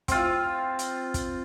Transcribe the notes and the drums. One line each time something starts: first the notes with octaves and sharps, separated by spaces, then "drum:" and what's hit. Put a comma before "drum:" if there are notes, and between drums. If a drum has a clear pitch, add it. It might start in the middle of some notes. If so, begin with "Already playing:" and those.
C4 F4, drum: kick, hi-hat
drum: hi-hat
drum: kick, hi-hat